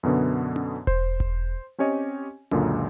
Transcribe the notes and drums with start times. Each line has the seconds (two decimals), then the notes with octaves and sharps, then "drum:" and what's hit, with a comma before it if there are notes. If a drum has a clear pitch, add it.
0.03 F#2 B2 D3 B3
0.56 drum: tom C#4
0.87 C5, drum: kick E1
1.20 drum: kick E1
1.78 C4 C#4 G4 C#5 D#5 G#5
2.51 C#2 F#2 A#2 D3, drum: tom C#4